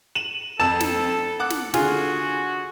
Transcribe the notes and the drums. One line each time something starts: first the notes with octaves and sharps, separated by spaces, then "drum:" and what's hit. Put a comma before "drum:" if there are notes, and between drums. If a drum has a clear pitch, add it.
D#7 E7 F#7
F2 A4 A5 E6 E7
drum: snare
F#5 D6 F#6
drum: snare
D3 F4 F#4 G#4, drum: snare